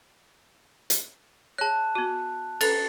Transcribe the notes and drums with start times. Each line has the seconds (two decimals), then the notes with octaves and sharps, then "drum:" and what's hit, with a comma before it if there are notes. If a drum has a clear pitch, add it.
0.90 drum: hi-hat
1.58 G#4 C#5 A5 F#6
1.95 B3 F#4
2.61 A4 B4 A#5 A6, drum: cymbal